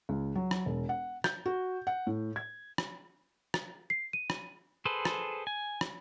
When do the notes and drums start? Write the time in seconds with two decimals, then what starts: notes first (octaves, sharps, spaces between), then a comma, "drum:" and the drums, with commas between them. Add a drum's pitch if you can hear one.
0.09 C#2
0.36 F#3
0.51 drum: rim click
0.66 E1
0.89 F#5
1.24 G6, drum: rim click
1.46 F#4
1.87 F#5
2.07 A2
2.36 G#6
2.78 drum: rim click
3.54 drum: rim click
3.90 C7
4.13 D#7
4.30 drum: rim click
4.85 G#4 A4 B4 C5
5.05 drum: rim click
5.47 G#5
5.81 drum: rim click